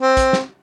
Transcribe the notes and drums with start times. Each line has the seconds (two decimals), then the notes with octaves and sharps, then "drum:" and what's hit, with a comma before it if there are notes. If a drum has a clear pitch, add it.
0.01 C4
0.17 drum: kick, hi-hat
0.33 drum: snare